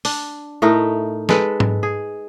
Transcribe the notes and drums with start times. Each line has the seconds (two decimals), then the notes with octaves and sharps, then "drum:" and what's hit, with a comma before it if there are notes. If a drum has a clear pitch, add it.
0.05 D4, drum: open hi-hat
0.62 A2 A3 D#4 A#4
1.29 G#3 A4 B4, drum: snare
1.60 drum: tom G#2
1.83 G#4